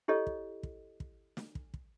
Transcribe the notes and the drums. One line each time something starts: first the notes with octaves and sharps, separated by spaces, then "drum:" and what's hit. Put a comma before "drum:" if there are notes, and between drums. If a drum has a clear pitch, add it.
E4 G4 A4 C#5 D#5
drum: kick
drum: kick
drum: kick
drum: snare
drum: kick
drum: kick